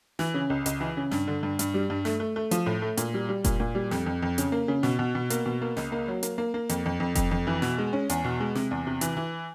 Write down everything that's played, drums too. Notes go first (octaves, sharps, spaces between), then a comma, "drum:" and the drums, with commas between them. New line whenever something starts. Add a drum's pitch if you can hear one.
E3, drum: snare
C#3
C#2
C#2, drum: hi-hat
E3
C#3
G2, drum: snare
D3
G2
G2, drum: hi-hat
G3
G2
A3, drum: snare
A3
A3
F3, drum: hi-hat
A2
A3
A#2, drum: hi-hat
G3
G3
A#2, drum: kick F1, hi-hat
A#2
G3
F2, drum: snare
F2
F2
C#3, drum: hi-hat
A#3
C#3
B2, drum: snare
B2
B2
A#3, drum: hi-hat
B2
A#3
C#2, drum: snare
A#3
F#3
A#3, drum: hi-hat
A#3
A#3
F2, drum: hi-hat
F2
F2
F2, drum: kick F1, hi-hat
F2
E3
B2, drum: snare
G#3
C#4
E2, drum: hi-hat
B2
G#3
C3, drum: snare
E2
C3
E3, drum: hi-hat
E3